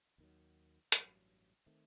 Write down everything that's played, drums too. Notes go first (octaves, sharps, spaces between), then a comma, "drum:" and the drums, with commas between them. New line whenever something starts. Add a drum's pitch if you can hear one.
D#2 D#3 F#3
A1 G2 F#3, drum: hi-hat
D#3 A3 C4